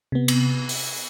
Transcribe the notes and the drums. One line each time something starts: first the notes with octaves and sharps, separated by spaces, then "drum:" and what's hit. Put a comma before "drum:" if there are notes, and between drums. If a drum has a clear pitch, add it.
C3 B3
drum: cymbal
drum: open hi-hat